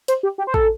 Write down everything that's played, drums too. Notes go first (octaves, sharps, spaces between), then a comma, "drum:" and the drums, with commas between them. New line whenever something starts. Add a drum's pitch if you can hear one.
C5, drum: hi-hat
G4
G4
C5
A4, drum: kick